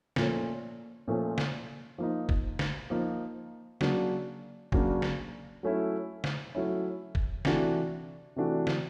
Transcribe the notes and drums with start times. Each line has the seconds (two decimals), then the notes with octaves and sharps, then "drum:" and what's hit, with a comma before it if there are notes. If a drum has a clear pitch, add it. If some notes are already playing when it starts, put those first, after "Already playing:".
0.16 A#2 F3 A3 C#4, drum: snare
1.08 A#2 F3 A3 C#4
1.38 drum: snare
1.98 F3 A#3 D#4
2.29 drum: kick
2.59 drum: snare
2.90 F3 A#3 D#4
3.81 C#3 F#3 A#3 D4, drum: snare
4.72 C#3 F#3 A#3 D4, drum: kick
5.02 drum: snare
5.63 F#3 A3 C#4 E4
6.24 drum: snare
6.55 F#3 A3 C#4 E4
7.15 drum: kick
7.45 C3 E3 A3 D4 F#4, drum: snare
8.36 C3 E3 A3 D4 F#4
8.67 drum: snare